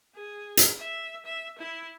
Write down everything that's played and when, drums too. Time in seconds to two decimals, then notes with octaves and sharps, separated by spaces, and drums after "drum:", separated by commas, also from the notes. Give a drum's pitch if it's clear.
0.15 G#4
0.57 drum: hi-hat
0.79 E5
1.25 E5
1.58 E4